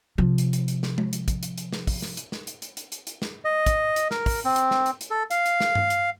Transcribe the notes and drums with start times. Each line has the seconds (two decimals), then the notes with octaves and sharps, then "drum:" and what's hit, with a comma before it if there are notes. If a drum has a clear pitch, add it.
0.18 C3 F3
0.38 drum: hi-hat
0.53 drum: hi-hat
0.68 drum: hi-hat
0.83 drum: snare
0.98 drum: tom G#3
1.13 drum: hi-hat
1.28 drum: kick, hi-hat
1.43 drum: hi-hat
1.58 drum: hi-hat
1.72 drum: snare
1.87 drum: kick, open hi-hat
2.02 drum: snare
2.17 drum: hi-hat
2.32 drum: snare
2.47 drum: hi-hat
2.62 drum: hi-hat
2.77 drum: hi-hat
2.92 drum: hi-hat
3.07 drum: hi-hat
3.22 drum: snare
3.45 D#5
3.66 drum: kick, hi-hat
3.96 drum: hi-hat
4.11 A#4, drum: snare
4.26 drum: kick, open hi-hat
4.45 C4
4.56 drum: hi-hat
4.71 drum: snare
4.86 drum: hi-hat
5.01 drum: hi-hat
5.11 A4
5.31 F5, drum: hi-hat
5.46 drum: hi-hat
5.60 drum: snare
5.75 drum: tom G2
5.90 drum: hi-hat